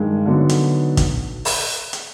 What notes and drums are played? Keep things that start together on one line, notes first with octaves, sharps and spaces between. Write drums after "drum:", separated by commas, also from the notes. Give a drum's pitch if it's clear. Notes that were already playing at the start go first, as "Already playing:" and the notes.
Already playing: G2 D#3 G#3
D3 F#3 B3 D#4
drum: hi-hat
drum: kick, hi-hat
drum: open hi-hat
drum: hi-hat